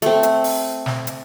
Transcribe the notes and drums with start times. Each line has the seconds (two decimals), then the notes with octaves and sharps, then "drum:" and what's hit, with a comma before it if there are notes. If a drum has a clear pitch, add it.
0.02 A3 C4, drum: hi-hat
0.23 drum: hi-hat
0.44 drum: open hi-hat
0.86 drum: snare
1.07 drum: hi-hat